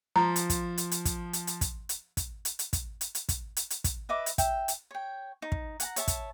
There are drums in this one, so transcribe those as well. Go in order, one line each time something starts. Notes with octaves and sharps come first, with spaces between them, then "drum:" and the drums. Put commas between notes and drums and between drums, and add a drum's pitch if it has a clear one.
F3 A#5
drum: hi-hat
drum: kick, hi-hat
drum: hi-hat
drum: hi-hat
drum: kick, hi-hat
drum: hi-hat
drum: hi-hat
drum: kick, hi-hat
drum: hi-hat
drum: kick, hi-hat
drum: hi-hat
drum: hi-hat
drum: kick, hi-hat
drum: hi-hat
drum: hi-hat
drum: kick, hi-hat
drum: hi-hat
drum: hi-hat
drum: kick, hi-hat
B4 D#5 E5 D6
drum: hi-hat
E5 G5, drum: kick, hi-hat
drum: hi-hat
C#5 G5
D#4
drum: kick
F#5 G#5 A#5, drum: hi-hat
C#5 E5 A5, drum: hi-hat
drum: kick, hi-hat